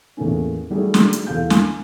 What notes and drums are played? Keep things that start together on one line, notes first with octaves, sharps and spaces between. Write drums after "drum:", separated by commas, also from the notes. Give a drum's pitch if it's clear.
E2 A2 A3 A#3 C#4
D#3 F#3 G3 A3 G#4
drum: snare
drum: hi-hat
E2 A4 F5 G6
G#5, drum: snare